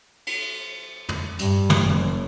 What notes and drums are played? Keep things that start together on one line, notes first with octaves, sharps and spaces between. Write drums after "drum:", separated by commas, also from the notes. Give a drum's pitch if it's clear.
drum: cymbal
drum: tom
G2, drum: hi-hat
drum: tom
F#1